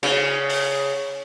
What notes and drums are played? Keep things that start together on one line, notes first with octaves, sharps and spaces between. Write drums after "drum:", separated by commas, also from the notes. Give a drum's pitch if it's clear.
C#3, drum: cymbal
drum: open hi-hat